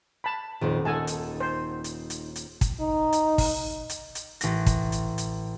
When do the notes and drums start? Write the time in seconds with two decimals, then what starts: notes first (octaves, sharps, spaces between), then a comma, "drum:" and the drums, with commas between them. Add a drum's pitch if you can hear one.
0.24 A5 B5
0.61 D#1 F2 A#2 D#3
0.85 D#4 A4 F#5 G#5 A5
1.07 drum: hi-hat
1.40 C5
1.84 drum: hi-hat
2.10 drum: hi-hat
2.36 drum: hi-hat
2.61 drum: kick, hi-hat
2.80 D#4
3.13 drum: hi-hat
3.38 drum: kick, open hi-hat
3.89 drum: hi-hat
4.15 drum: hi-hat
4.41 A1 A#6, drum: hi-hat
4.66 drum: kick, hi-hat
4.92 drum: hi-hat
5.18 drum: hi-hat